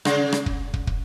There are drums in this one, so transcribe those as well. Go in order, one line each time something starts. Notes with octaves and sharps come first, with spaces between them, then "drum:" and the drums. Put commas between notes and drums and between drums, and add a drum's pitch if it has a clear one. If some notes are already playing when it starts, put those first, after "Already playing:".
C#3, drum: rim click
drum: rim click
drum: kick
drum: kick
drum: kick